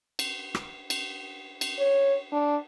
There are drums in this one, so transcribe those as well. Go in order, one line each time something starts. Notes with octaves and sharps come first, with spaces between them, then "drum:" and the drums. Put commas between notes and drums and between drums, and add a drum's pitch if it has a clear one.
drum: cymbal
drum: rim click
drum: cymbal
drum: cymbal
C#5
D4